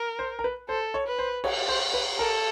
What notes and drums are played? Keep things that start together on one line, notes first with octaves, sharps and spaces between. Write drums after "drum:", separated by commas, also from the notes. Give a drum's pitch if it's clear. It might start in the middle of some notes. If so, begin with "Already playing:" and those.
Already playing: A#4
C5
A#4
B4
A4 C5
C#5
B4
C5
C#5, drum: cymbal
C5
B4
A4 A#4